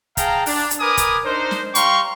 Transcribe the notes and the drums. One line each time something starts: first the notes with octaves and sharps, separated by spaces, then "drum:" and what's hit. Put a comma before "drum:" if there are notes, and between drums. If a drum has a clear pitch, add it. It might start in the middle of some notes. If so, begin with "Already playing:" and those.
G#4 F5 G5 A5 A#5, drum: kick, hi-hat
D4, drum: open hi-hat
drum: hi-hat
A#4 B4 G#5 D6 D#6
drum: kick, hi-hat
D4 D#4 A#4 C5
drum: snare
G3 F5 G5 A#5 C6 C#6, drum: hi-hat